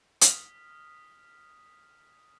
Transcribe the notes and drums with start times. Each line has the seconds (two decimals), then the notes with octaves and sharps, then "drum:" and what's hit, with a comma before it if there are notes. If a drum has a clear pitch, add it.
0.21 D#6 F6 B6, drum: hi-hat